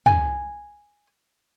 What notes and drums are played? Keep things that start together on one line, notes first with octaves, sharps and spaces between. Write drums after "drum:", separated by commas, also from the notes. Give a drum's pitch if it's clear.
G#5, drum: tom